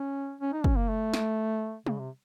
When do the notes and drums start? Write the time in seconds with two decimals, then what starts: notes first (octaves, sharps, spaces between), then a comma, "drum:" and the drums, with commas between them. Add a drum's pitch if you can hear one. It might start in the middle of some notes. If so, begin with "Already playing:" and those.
Already playing: C#4
0.41 C#4
0.53 D#4
0.64 C#4, drum: kick
0.76 A#3
0.89 A3
1.14 drum: snare
1.86 C#3, drum: tom
1.99 C3